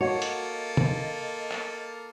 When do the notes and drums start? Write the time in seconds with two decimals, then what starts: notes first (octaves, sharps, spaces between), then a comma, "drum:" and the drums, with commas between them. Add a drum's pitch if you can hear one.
0.01 A#3 F4 F#4 A4 C#5 D#5
0.22 drum: hi-hat
0.77 drum: tom
1.52 drum: clap